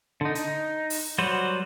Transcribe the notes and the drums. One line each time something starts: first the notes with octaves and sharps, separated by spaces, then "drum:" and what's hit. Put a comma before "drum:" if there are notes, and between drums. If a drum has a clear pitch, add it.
D3 D#4
D#4, drum: hi-hat
drum: open hi-hat
F#3 G3 F#4 B4 C5